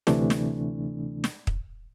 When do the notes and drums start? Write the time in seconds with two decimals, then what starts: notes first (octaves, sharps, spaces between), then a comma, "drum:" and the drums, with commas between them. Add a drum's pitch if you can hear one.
0.07 D2 C3 E3 A3 D4, drum: snare
0.30 drum: snare
1.24 drum: snare
1.47 drum: kick